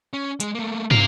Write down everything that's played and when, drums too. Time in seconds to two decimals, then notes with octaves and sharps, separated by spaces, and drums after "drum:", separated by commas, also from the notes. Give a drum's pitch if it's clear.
0.13 C#4
0.40 G#3 G#4, drum: hi-hat
0.55 A3 A#3
0.91 C3 A#4 F5, drum: tom